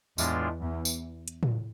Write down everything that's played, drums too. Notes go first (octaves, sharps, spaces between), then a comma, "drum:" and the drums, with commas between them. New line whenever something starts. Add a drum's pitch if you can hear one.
E2 A2 E3 G#3 D4 F4, drum: tambourine
E2 E3
drum: tambourine
drum: hi-hat
drum: tom A2